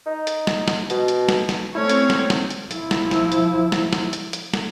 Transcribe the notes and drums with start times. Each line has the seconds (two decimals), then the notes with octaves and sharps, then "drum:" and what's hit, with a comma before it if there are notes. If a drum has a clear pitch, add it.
0.06 D#4
0.27 drum: hi-hat
0.47 drum: snare
0.68 drum: snare
0.90 B2, drum: hi-hat
1.08 drum: hi-hat
1.29 drum: snare
1.49 drum: snare
1.75 A3 C4 C#4 E4 C#5
1.89 drum: hi-hat
2.10 drum: snare
2.30 drum: snare
2.50 drum: hi-hat
2.71 F3 E4, drum: hi-hat
2.91 drum: snare
3.11 drum: snare
3.32 drum: hi-hat
3.72 drum: snare
3.93 drum: snare
4.13 drum: hi-hat
4.33 drum: hi-hat
4.54 drum: snare